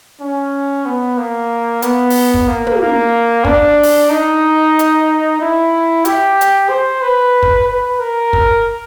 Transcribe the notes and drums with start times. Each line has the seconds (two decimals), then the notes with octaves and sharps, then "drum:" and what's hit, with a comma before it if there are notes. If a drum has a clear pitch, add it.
0.20 C#4
0.85 B3
1.18 A#3
1.82 B3, drum: hi-hat
2.10 drum: open hi-hat
2.34 drum: kick
2.48 A#3
2.67 drum: tom
2.81 A#3
3.45 D4, drum: kick
3.83 drum: open hi-hat
4.10 D#4
4.79 drum: hi-hat
5.40 E4
6.05 G4, drum: hi-hat
6.41 drum: hi-hat
6.69 C5
7.02 B4
7.43 drum: kick
7.68 B4
8.00 A#4
8.33 drum: kick